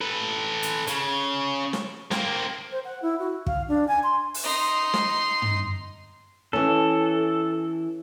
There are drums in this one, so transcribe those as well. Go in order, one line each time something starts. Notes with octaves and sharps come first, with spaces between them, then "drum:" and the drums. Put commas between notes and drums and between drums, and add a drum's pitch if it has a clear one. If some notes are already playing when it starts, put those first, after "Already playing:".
A4 B4
drum: hi-hat
C#3, drum: hi-hat
drum: snare
A#3 C4, drum: snare
C5
F#5
E4
F#4
F5, drum: kick
D4
G#5
C6
drum: open hi-hat
D#4 C6
drum: snare
drum: tom
E3 C#4 A4